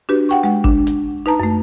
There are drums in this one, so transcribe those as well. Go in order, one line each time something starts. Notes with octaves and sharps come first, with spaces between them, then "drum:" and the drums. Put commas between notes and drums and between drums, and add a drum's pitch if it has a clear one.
D4 F#4 G4 B4
F#5 G5 C#6
G#3 F#5
D4, drum: kick G#1
drum: hi-hat
D#4 B4 A5 A#5
F#2 A3